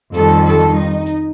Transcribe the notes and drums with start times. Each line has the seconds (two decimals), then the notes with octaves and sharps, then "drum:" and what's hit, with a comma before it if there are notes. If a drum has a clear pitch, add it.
0.14 F2 D#3 G3 A4, drum: hi-hat
0.45 A4
0.60 drum: hi-hat
0.75 D#4
1.06 drum: hi-hat